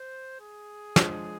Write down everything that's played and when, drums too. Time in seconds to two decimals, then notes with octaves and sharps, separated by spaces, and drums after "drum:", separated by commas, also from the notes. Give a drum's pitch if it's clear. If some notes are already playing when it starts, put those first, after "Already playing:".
Already playing: C5
0.41 G#4
0.96 F3 G#3 D4, drum: snare